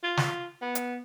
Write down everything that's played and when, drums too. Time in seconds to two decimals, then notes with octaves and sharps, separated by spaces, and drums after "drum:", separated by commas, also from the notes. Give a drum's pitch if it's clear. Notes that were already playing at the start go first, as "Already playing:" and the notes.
0.03 F4
0.17 drum: snare
0.62 B3
0.75 drum: hi-hat